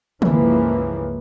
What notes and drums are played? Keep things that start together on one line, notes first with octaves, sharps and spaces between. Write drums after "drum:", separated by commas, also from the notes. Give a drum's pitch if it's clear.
G1 C#2 C#3 E3 F3 A#3, drum: tom